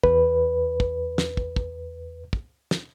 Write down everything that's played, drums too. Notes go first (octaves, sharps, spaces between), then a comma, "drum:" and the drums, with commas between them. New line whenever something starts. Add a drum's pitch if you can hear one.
E2 B4, drum: kick
drum: kick
drum: snare
drum: kick
drum: kick
drum: kick
drum: snare